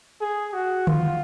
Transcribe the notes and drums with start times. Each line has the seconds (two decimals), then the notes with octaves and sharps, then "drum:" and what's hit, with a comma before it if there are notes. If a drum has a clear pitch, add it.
0.21 G#4
0.53 F#4
0.87 F4, drum: tom D3